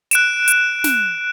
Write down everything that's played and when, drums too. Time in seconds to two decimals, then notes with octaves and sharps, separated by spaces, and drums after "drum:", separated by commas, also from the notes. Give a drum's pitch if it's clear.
0.11 F#6 D7 E7, drum: hi-hat
0.48 drum: hi-hat
0.84 drum: snare